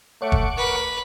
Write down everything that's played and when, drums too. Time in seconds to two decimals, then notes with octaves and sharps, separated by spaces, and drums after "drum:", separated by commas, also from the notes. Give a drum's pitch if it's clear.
0.22 A3 C#5 F#5 C#6 D6
0.32 drum: kick
0.57 A#4 B4